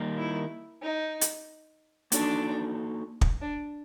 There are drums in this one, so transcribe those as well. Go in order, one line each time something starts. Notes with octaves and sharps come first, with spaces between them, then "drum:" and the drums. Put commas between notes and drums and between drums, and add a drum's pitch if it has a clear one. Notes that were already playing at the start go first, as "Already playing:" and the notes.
Already playing: D#3 G3 A#3 D#4
E4
D#4
drum: hi-hat
A#3 D4 D#4 F#4 A4, drum: hi-hat
drum: kick
D4